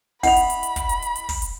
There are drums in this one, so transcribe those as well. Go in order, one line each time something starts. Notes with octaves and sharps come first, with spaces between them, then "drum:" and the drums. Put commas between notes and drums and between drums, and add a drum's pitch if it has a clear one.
E4 D#5 F#5 B5 F7, drum: kick, open hi-hat
drum: hi-hat
drum: hi-hat
drum: hi-hat
drum: kick, hi-hat
drum: hi-hat
drum: hi-hat
drum: hi-hat
drum: kick, open hi-hat
drum: hi-hat